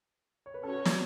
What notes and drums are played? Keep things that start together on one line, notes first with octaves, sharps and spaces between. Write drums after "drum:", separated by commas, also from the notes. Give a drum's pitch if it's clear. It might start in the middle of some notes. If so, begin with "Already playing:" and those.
C#5
B4
C#4 F#4 A4 C#5
B4
D5, drum: snare